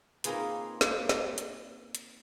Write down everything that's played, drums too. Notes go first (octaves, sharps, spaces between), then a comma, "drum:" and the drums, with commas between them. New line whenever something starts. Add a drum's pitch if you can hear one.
A#3 C4 D#4 F4 G#4 B4, drum: hi-hat
drum: snare
drum: snare
drum: hi-hat
drum: hi-hat